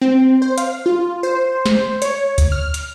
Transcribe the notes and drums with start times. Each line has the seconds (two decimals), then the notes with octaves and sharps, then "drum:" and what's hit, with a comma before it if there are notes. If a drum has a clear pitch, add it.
0.01 C4
0.42 C5
0.58 F5, drum: hi-hat
0.86 F4
1.23 C5
1.66 drum: snare
2.02 C#5, drum: hi-hat
2.38 drum: kick C#2, hi-hat
2.52 F6
2.74 drum: hi-hat